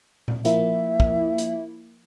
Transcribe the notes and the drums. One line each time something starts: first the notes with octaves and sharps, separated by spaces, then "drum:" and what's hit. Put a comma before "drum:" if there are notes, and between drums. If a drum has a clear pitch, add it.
drum: tom A#2
F3 A#3 E4 E5, drum: hi-hat
drum: kick
drum: hi-hat